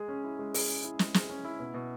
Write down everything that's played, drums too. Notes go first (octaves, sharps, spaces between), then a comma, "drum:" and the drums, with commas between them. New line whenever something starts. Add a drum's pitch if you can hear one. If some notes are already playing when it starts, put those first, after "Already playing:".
Already playing: G#3 G#4
C#4
E4
G#3
G#4, drum: open hi-hat
C#4
E4
G#3, drum: snare
G#4, drum: snare
C#4
E4
B2
B2